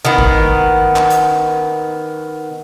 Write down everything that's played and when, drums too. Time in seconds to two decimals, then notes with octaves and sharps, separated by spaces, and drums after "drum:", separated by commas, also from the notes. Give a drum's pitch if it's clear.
0.05 D#3 B3
0.18 drum: kick
0.96 drum: clap
1.10 drum: hi-hat